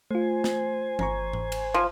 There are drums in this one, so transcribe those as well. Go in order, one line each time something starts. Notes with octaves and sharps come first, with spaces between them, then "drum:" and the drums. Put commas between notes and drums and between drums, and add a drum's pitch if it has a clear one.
A3 F4 C5 G#5
drum: snare
G1 A#5 C#6, drum: tom E3
drum: tom G#2
drum: cymbal
F3